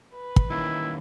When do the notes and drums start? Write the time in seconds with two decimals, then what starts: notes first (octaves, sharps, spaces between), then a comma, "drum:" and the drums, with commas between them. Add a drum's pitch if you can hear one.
0.14 B4
0.36 drum: kick
0.50 D#3 A#3 C#4 E4